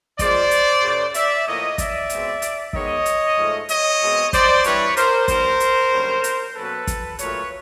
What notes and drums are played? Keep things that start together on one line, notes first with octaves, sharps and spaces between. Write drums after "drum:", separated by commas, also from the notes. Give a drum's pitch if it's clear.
A#2 F3 G#3 C5 D5, drum: kick, hi-hat
drum: hi-hat
F#2 C#3 F#3
D5 E5, drum: hi-hat
A2 F3 A#3 C#5 D#5
D5 E5, drum: kick, hi-hat
B2 G#3 C4, drum: hi-hat
drum: hi-hat
D#3 G#3 B3 C#5 D#5, drum: kick
drum: hi-hat
G#2 F3 A3
C#5 D#5, drum: hi-hat
B2 G#3 C4
C5 D5, drum: kick, hi-hat
G2 E3 G3 C4 B4 C#5, drum: hi-hat
A#4 C5, drum: hi-hat
D#3 G3 B3 A#4 C5, drum: kick, hi-hat
drum: hi-hat
F#2 D3 G3 A#3 C#4
drum: hi-hat
B2 F#3 A#3 C#4 A4 B4
drum: kick, hi-hat
A#2 F#3 A3 B4 C#5, drum: hi-hat